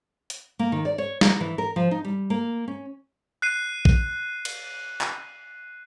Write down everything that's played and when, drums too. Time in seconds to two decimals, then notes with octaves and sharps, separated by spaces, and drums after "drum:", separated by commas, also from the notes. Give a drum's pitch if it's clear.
0.30 drum: hi-hat
0.59 A#3
0.72 D#3
0.85 D5
0.98 C#5
1.21 A#4, drum: snare
1.40 E3
1.58 A#4
1.76 F3
1.91 D#4
2.05 G3
2.30 A#3
2.68 C#4
3.42 F#6 C7 D#7
3.85 drum: kick
4.45 drum: cymbal
5.01 drum: clap